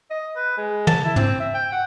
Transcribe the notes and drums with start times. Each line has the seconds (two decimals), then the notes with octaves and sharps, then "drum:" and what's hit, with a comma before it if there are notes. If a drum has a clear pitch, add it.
0.10 D#5
0.36 B4
0.57 G#3
0.87 A5, drum: tom
1.05 E4
1.16 C4, drum: tom G#2
1.40 E5
1.54 G5
1.72 F#5